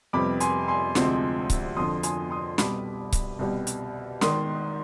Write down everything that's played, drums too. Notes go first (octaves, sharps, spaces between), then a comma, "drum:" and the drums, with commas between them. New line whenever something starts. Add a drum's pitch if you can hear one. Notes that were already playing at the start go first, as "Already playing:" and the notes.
F2 C3 G3 B3 B5 D6
G#5 C6, drum: hi-hat
G#5 C6
D2 C3 F3 G#3 C4, drum: snare
drum: kick C#1, hi-hat
F2 D3 F3 C6 D#6
G#5 C6, drum: hi-hat
C6 D#6
C2 B2 G3 B5 D6, drum: snare
drum: kick C#1, hi-hat
C2 B2 G3
drum: hi-hat
G#1 G#2 D#3 C6 D#6, drum: snare